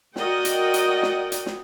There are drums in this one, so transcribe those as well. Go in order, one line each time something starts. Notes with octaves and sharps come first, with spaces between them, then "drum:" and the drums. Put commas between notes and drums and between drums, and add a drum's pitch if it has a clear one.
F#4 A#4 D5 D#5 F#5 G5, drum: snare
drum: hi-hat
drum: hi-hat
drum: snare
drum: hi-hat
drum: snare